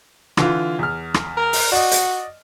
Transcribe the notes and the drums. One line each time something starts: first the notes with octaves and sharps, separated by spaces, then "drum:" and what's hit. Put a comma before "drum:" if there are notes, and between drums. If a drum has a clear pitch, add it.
D3 E3 F4, drum: rim click
E2 F6
drum: rim click
A#4
drum: open hi-hat
F#4 D5 D#5
drum: hi-hat